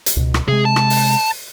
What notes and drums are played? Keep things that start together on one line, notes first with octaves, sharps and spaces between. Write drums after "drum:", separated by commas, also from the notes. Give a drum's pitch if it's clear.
drum: hi-hat
C#2 B2
drum: rim click
C3 G#3 G#4
A5
drum: rim click
drum: open hi-hat